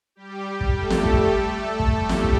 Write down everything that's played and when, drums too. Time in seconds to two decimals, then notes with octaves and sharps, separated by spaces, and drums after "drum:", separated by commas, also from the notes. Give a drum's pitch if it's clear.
0.15 G3 G4
0.61 drum: kick
0.75 A3 A4
0.90 drum: snare
1.05 drum: kick
1.80 drum: kick
1.94 G3 G4
2.09 drum: snare
2.24 drum: kick